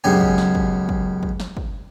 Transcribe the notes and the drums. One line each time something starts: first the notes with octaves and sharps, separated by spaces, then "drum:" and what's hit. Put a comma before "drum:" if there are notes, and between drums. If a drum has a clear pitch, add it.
C#2 F#2 B2 G4 G#5
drum: kick
drum: snare
drum: kick
drum: kick
drum: kick
drum: snare
drum: kick